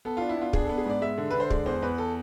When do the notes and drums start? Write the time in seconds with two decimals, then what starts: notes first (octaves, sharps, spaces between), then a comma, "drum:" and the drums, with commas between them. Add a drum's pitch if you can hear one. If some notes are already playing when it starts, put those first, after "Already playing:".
0.05 B3 A4
0.17 D4 F4
0.29 E4
0.37 B3 F4
0.53 D4 G#4, drum: kick
0.65 B3 A4
0.77 G#4
0.86 G#2 D5
1.01 G#3 E5
1.18 D3
1.31 D3 B4
1.40 C5
1.50 G#3 D5, drum: kick
1.66 E2 C5
1.82 E2 B4
1.98 A4